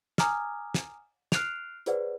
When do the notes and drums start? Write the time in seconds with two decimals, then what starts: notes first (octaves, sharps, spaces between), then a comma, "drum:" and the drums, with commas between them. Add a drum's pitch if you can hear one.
0.18 G#5 A#5 D6 D#6 F6 G#6, drum: snare
0.74 drum: snare
1.32 F6 F#6 C7 D7 F7, drum: snare
1.86 F4 G#4 B4 C5 D5 F#5, drum: hi-hat